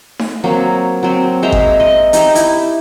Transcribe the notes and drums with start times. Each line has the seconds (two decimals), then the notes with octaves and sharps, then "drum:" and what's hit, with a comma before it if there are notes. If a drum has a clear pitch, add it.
0.19 drum: snare D#4
0.44 F#3 A#3 C4
1.03 F#3 C4
1.43 G#3 C5 E5 A#5
1.52 drum: kick G#1
1.80 D#5
2.13 D#4 G4 D#5 E5, drum: hi-hat
2.35 E4, drum: hi-hat